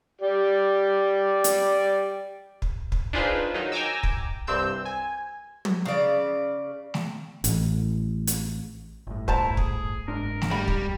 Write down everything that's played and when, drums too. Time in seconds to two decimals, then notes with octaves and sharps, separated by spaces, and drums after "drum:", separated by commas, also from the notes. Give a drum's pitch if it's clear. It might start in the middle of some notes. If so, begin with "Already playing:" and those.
0.21 G4 D5
1.44 drum: hi-hat
2.62 drum: kick
2.92 drum: kick
3.13 D4 D#4 F4 G#4 B4 C5
3.54 D#3 F#3 D#4
3.72 G5 G#5 A#5 D6 E6
4.03 drum: kick
4.47 C2 G2 C4 E6 G6
4.85 G#5
5.65 drum: tom
5.86 C#3 D5
6.94 drum: snare A3
7.44 A1, drum: hi-hat
8.27 drum: hi-hat
9.07 G1 A2
9.28 E4 C5 A5 A#5, drum: kick
9.57 G#4, drum: kick
10.08 F#1 G#2 D4 A#4
10.42 drum: snare A3
10.51 G3 B5
10.68 drum: kick